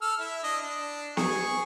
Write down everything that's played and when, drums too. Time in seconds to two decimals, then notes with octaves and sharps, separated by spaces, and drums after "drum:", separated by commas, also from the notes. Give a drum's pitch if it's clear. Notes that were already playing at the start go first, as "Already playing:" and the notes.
0.02 A4 E6 F6
0.19 E4
0.43 D4 D#5
0.62 D4
1.17 G#4 C#6, drum: snare B3